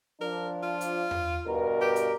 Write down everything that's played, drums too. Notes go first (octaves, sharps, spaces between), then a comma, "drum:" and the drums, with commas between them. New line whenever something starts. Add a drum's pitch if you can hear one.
F3 D4 A#4
F4
drum: hi-hat
drum: tom E2
G2 B2 A#4
G4
drum: hi-hat